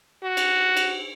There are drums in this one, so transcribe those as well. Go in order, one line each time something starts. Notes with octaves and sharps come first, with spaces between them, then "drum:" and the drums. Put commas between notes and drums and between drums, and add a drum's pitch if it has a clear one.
F#4
drum: cymbal
drum: cymbal